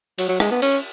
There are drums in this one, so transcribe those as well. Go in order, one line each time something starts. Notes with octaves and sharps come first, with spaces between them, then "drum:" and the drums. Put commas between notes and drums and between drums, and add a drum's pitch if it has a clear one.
F#3, drum: cymbal
F#3
G#3, drum: rim click
B3
C#4, drum: cymbal